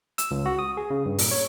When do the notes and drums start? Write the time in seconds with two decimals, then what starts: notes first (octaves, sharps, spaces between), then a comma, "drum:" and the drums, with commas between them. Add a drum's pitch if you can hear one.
0.18 E6, drum: hi-hat
0.31 C#2
0.46 F#4
0.59 D#6
0.77 G#4
0.90 C#3
1.06 G2
1.18 A#2, drum: open hi-hat
1.31 C#5